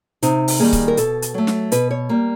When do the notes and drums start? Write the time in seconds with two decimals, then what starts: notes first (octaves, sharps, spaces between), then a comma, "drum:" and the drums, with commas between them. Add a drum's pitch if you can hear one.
0.22 C3 D#4, drum: hi-hat
0.48 drum: open hi-hat
0.59 D#3 G3 A#3 G#4
0.73 drum: kick C#1, hi-hat
0.88 A#4
0.97 B2 A4, drum: hi-hat
1.22 drum: hi-hat
1.34 F#3 A3
1.47 drum: snare
1.72 B2 B4, drum: hi-hat
1.91 C#5
2.09 G3 A#3